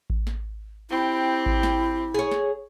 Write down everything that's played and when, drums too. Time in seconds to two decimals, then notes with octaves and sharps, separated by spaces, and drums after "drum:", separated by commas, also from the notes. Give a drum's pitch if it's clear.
0.10 drum: kick A1
0.27 drum: snare
0.90 C4 E4 G4
1.46 drum: kick A1
1.63 drum: snare
2.14 G#4 C#5
2.32 drum: snare